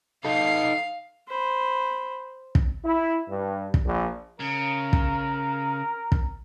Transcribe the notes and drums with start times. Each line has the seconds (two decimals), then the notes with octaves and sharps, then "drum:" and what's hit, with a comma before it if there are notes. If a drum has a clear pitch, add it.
0.25 D#4 A4 F5 C7
1.28 C5 B5
2.55 drum: kick
2.85 E4
3.29 G2
3.74 drum: kick
3.85 A#1
4.40 C#3 A#4
4.93 drum: kick
6.12 drum: kick